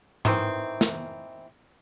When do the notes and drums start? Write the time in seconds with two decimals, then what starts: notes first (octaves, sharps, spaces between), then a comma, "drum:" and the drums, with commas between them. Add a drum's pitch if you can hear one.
0.25 D#3 E3 C4, drum: tom G#2
0.81 drum: snare